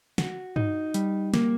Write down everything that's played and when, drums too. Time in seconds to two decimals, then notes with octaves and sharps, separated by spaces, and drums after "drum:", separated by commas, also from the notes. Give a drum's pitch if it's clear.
0.18 F#4, drum: snare
0.56 D#4, drum: tom G2
0.94 G3, drum: hi-hat
1.34 A#3, drum: snare